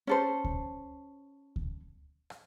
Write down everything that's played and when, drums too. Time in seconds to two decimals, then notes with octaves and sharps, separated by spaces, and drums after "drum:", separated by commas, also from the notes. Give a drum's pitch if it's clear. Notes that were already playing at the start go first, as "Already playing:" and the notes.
0.07 C#4 A4 C5
0.44 drum: kick D2
1.56 drum: kick D2
2.30 drum: rim click